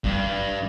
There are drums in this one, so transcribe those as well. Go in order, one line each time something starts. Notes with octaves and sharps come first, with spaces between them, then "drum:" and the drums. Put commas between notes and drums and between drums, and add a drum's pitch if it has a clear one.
G2, drum: kick